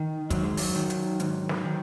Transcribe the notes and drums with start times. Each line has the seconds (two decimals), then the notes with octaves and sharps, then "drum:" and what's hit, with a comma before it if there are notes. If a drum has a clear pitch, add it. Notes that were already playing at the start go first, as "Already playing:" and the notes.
Already playing: D#3
0.30 G#2 F#3, drum: kick, hi-hat
0.43 G#3
0.57 F#3, drum: open hi-hat
0.75 D#3
0.90 drum: hi-hat
1.20 G#2, drum: hi-hat
1.49 drum: snare
1.64 D#3